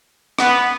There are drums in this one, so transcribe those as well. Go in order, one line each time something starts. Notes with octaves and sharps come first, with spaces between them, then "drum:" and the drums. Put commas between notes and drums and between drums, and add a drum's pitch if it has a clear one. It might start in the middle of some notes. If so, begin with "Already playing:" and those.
B3, drum: rim click